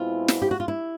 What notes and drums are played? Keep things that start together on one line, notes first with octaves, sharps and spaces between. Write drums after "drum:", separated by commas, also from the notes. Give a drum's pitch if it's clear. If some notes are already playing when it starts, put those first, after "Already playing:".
Already playing: B2 G#3 C4 E4 F4
drum: snare
G4
F#4
F4
E4